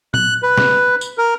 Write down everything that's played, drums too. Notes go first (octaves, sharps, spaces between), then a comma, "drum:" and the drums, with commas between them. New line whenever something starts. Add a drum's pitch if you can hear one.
F#6, drum: tom A#2
B4
drum: snare
drum: tambourine
A#4